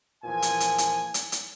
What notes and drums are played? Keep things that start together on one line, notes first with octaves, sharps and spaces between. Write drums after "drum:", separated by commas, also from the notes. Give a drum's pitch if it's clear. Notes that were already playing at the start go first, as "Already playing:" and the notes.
E2 A#2 F3 G#5
drum: hi-hat
drum: hi-hat
drum: hi-hat
drum: hi-hat
drum: hi-hat